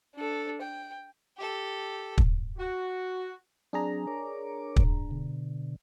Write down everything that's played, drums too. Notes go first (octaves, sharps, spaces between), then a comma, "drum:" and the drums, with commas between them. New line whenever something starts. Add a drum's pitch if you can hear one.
D4 A4
G5
G4 A4
drum: kick
F#4
F#3 C4 D4 G#4 A#5
A#4 C#5 D6
drum: kick
B2 D3